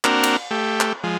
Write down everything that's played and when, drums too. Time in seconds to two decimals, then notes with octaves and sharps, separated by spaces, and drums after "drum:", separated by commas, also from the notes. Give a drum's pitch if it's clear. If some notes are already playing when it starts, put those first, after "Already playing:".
0.04 A#3 C4 D4 F#4 A#4, drum: clap
0.23 drum: cymbal
0.51 A3 G4
0.81 drum: clap
1.04 F3 G#3